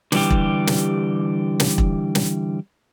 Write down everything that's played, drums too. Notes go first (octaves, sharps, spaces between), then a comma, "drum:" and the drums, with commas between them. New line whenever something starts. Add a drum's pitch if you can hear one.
D3 E3 G3 G4, drum: snare
drum: kick E1
drum: snare
drum: snare
drum: kick E1
drum: snare